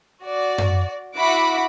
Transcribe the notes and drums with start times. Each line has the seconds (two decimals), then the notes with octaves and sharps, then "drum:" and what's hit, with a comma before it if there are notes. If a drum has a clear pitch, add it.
0.22 F#4 D5
0.58 drum: tom F#2
1.16 E4 F#4 F#5 B5 D6